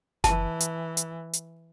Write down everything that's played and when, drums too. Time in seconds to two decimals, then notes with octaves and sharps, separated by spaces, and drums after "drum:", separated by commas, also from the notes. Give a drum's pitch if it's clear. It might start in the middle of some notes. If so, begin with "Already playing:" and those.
0.24 E3 A5, drum: snare F#1
0.60 drum: hi-hat
0.97 drum: hi-hat
1.33 drum: hi-hat